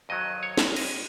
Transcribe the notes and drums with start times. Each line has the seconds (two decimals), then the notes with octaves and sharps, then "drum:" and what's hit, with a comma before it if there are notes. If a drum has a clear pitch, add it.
0.09 F2 D#3 F#3 D#5
0.43 C#5
0.57 drum: snare
0.76 D#5, drum: cymbal